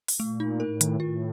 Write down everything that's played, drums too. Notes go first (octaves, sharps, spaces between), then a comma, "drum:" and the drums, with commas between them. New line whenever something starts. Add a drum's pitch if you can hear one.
drum: open hi-hat
A#2 A3
D#4
A2 A#4
D#3, drum: hi-hat
A2 F4